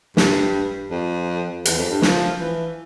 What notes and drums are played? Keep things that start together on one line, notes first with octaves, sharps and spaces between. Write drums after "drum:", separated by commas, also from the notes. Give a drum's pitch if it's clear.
G2, drum: snare
F2
E2, drum: hi-hat
F2
G2
F3, drum: snare
E3